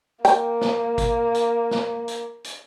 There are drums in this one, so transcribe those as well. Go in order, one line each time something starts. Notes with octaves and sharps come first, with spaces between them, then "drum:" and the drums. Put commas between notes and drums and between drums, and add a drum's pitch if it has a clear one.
A#3 G5, drum: hi-hat
drum: snare
drum: kick, hi-hat
drum: hi-hat
drum: snare
drum: hi-hat
drum: hi-hat